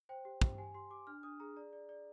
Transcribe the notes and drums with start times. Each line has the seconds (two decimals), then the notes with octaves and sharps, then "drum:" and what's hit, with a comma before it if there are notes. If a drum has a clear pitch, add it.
0.09 C5 G5
0.25 G4
0.41 G4, drum: kick
0.58 G4 G#5
0.74 G4 C6
0.90 G4 D6
1.07 D4 F6
1.23 D4 D#6
1.40 G#4 A#5
1.57 D5 A#5
1.73 D5
1.89 D5